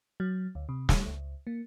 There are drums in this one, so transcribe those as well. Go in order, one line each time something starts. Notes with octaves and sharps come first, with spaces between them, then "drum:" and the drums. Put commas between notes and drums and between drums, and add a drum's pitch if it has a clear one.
F#3
D2
C3
G3, drum: snare
C#2
A#3